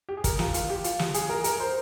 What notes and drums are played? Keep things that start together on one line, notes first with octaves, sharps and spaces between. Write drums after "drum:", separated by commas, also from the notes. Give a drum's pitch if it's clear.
G4
G#4
A#4, drum: kick, hi-hat
F4, drum: snare
F4, drum: hi-hat
G4
F4, drum: hi-hat
drum: snare
G#4, drum: hi-hat
A#4
A#4, drum: hi-hat
C5